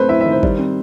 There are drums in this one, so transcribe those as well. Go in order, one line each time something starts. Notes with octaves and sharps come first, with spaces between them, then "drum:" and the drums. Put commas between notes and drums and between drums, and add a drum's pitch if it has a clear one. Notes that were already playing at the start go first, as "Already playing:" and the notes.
Already playing: A3 C4 B4 C5
E4 E5
D#3 E5
C5
G3, drum: kick
C4